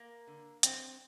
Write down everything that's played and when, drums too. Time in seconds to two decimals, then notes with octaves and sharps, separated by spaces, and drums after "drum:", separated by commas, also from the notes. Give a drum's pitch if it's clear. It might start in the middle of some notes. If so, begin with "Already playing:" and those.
Already playing: A#3
0.27 D3
0.63 G2 C4, drum: hi-hat